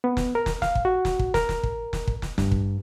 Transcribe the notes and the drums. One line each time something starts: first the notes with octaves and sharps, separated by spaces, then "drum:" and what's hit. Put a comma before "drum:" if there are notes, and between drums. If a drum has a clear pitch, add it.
B3
drum: snare
A#4
drum: snare
F5, drum: snare
drum: kick
F#4
drum: snare
drum: kick
A#4, drum: snare
drum: snare
drum: kick
drum: snare
drum: kick
drum: snare
G2, drum: snare
drum: kick